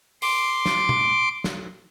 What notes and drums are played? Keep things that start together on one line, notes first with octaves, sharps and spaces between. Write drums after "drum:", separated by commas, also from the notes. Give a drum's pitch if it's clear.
C6 D6, drum: open hi-hat
drum: snare
drum: tom B2
drum: snare